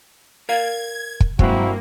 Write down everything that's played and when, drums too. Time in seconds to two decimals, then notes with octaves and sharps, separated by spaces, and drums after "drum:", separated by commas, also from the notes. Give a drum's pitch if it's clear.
0.49 A#4 D5 F5 G#6
1.20 drum: kick
1.39 G2 F#3 G#3 A#3 C4 E4 F#4, drum: kick